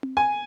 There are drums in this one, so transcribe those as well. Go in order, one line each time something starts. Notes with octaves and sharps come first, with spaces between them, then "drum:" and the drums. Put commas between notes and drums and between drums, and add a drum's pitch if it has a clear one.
drum: tom C4
G#5